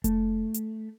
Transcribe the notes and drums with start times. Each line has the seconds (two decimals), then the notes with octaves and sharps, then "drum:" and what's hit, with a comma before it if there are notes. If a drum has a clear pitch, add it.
0.04 A3, drum: kick F1, hi-hat
0.54 drum: hi-hat